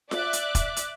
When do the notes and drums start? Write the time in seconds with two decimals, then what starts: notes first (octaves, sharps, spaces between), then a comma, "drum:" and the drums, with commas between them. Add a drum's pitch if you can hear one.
0.11 D5 E5 D6 F#6, drum: snare F4
0.33 drum: hi-hat
0.55 drum: kick E1, hi-hat
0.76 drum: hi-hat